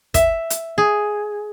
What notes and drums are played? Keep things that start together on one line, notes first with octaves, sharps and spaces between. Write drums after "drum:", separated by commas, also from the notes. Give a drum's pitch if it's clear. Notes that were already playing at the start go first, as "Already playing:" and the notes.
E5, drum: kick, hi-hat
drum: hi-hat
G#4